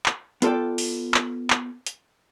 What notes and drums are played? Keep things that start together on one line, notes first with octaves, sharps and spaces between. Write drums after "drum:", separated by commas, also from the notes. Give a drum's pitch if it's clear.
drum: clap
B3 F4 A4 D5 G5, drum: hi-hat
drum: open hi-hat
drum: clap
drum: clap
drum: hi-hat